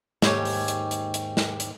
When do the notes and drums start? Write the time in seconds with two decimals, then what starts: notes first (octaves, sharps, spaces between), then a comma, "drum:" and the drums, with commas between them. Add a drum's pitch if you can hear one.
0.22 D#2 G#2 G4 C#5 G#5, drum: snare
0.45 drum: open hi-hat
0.68 drum: hi-hat
0.91 drum: hi-hat
1.14 drum: hi-hat
1.37 drum: snare
1.60 drum: hi-hat